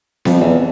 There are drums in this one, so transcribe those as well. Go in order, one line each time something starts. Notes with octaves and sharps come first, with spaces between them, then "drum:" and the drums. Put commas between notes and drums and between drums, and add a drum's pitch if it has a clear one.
F2, drum: snare B3
E2